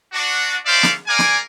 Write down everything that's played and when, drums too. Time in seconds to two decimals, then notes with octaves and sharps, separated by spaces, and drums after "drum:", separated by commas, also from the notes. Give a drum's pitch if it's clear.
0.12 D4 F#4
0.65 C#4 D#4 C5 D5 E5 F5
0.83 drum: snare
1.07 A#4 D5 F5 G#5
1.19 drum: snare